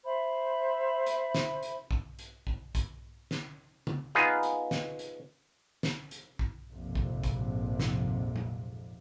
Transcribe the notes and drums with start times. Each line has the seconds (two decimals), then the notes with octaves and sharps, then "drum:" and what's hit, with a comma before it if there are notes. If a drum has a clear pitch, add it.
0.04 C5 E5 B5
1.06 drum: hi-hat
1.35 drum: snare
1.63 drum: hi-hat
1.91 drum: kick A#1
2.19 drum: hi-hat
2.47 drum: kick A#1
2.75 drum: kick A#1, hi-hat
3.31 drum: snare
3.87 drum: tom C#3
4.15 B3 D#4 F4 G#4
4.43 drum: hi-hat
4.71 drum: snare
4.99 drum: hi-hat
5.83 drum: snare
6.11 drum: hi-hat
6.39 drum: kick A#1
6.73 A#1 F2 G#2 C3
6.95 drum: kick A#1
7.23 drum: kick A#1, hi-hat
7.80 drum: snare
8.36 drum: tom F#3